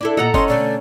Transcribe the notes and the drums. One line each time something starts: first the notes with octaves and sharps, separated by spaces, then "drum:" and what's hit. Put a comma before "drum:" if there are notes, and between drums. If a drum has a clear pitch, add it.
D4 E4 A4
A#2 A4 D#5 F#5 A#5
C#4 D#5 C6, drum: kick G1
B2 D3 A3 D5